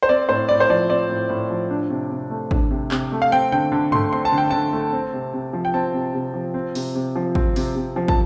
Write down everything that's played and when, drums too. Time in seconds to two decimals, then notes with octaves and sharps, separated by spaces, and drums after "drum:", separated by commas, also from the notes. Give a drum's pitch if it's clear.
0.03 C5
0.09 C4 D5
0.29 A2 C5
0.49 A2 D5
0.60 C5
0.70 F3 D5
0.90 C4 D5
1.10 A2
1.29 A2
1.50 F3
1.70 D4
1.90 C3
2.10 C3
2.30 A3
2.51 D4, drum: kick
2.71 C3
2.91 C3, drum: clap
3.12 A3
3.22 F5
3.32 C4 G5
3.52 D3 G5
3.72 D3
3.92 A3 C6, drum: tom G2
4.12 C4 C6
4.25 A5
4.32 D3
4.38 G5
4.51 D3 A5
4.73 A3
4.93 C4
5.13 C3
5.34 C3
5.53 F3
5.65 G5
5.74 C4 A5
5.94 C3
6.14 C3
6.34 F3
6.54 C4
6.75 C3, drum: open hi-hat
6.95 C3
7.16 F3
7.35 C4, drum: kick
7.56 C3, drum: open hi-hat
7.75 C3
7.96 F3
8.08 A5, drum: kick